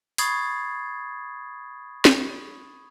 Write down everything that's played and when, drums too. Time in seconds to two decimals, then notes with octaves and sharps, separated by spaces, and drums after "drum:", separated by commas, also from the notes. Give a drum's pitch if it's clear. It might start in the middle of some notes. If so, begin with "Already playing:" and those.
0.18 B5 C#6 D#6 G#6 A6 C7, drum: open hi-hat
2.05 drum: snare